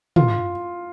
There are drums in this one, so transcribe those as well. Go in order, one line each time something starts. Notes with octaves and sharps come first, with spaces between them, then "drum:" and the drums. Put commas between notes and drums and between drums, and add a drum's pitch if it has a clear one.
F4, drum: tom